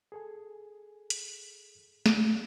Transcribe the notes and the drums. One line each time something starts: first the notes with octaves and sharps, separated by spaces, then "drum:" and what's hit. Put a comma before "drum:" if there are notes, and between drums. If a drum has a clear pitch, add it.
G#4 A4 G#5
drum: hi-hat
drum: snare